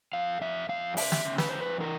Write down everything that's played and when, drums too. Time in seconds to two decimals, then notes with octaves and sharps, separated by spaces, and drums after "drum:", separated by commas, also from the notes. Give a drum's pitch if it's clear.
0.13 F2 F5
0.41 F2 E5
0.69 F2 F5
0.97 C#3 E5, drum: open hi-hat
1.12 drum: snare
1.25 C#3
1.38 B4, drum: snare
1.49 F2 C5
1.61 B4
1.80 E3 A#4